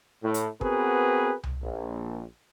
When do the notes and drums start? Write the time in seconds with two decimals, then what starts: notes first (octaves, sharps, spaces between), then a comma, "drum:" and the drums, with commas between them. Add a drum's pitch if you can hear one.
0.23 A2
0.34 drum: hi-hat
0.61 B3 C4 F#4 G#4 A#4 B4, drum: kick
1.44 drum: tom C2
1.62 A#1